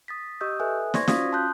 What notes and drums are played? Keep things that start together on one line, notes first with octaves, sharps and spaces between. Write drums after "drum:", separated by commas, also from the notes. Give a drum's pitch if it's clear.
D#6 A6 B6
G4 D#5 C#6 D#6 E6 G6
A4 B4 E5 G#5 D#6 F#6
C5 D5 C6 C#6 G#6 A#6, drum: snare
C#4 F4 F#4 F5 D#6 B6, drum: snare
A5 C6 D#6 F#6 G6